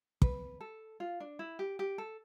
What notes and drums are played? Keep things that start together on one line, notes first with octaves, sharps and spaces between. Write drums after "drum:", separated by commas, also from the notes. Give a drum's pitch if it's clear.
B4, drum: kick
A4
F4
D4
E4
G4
G4
A4